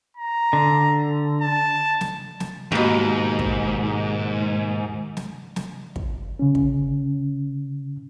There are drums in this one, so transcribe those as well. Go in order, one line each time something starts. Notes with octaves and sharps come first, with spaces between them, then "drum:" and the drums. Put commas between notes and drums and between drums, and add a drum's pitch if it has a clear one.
A#5
D3
A5
drum: snare
drum: snare
D#2 G#2 B2
drum: kick
drum: snare
drum: snare
drum: kick
C#3 C#4
drum: kick